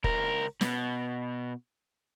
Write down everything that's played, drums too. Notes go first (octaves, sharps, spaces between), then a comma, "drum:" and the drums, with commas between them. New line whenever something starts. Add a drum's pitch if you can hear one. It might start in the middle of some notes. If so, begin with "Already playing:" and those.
C#2 A#4, drum: kick
B2, drum: snare